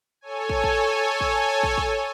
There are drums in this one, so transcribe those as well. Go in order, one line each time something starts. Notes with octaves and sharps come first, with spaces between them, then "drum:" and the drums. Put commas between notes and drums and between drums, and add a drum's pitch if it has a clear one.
A4 C#5 G#5
drum: kick
drum: kick
drum: kick
drum: kick
drum: kick